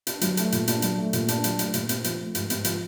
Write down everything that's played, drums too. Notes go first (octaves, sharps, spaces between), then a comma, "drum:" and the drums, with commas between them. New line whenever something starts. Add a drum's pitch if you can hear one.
D4, drum: hi-hat
F#3, drum: hi-hat
A3, drum: hi-hat
A#2, drum: hi-hat
D4, drum: hi-hat
F#3, drum: hi-hat
A3
A#2, drum: hi-hat
D4, drum: hi-hat
F#3, drum: hi-hat
A3, drum: hi-hat
A#2, drum: hi-hat
C4, drum: hi-hat
F3, drum: hi-hat
A3
G#2, drum: hi-hat
C4, drum: hi-hat
F3, drum: hi-hat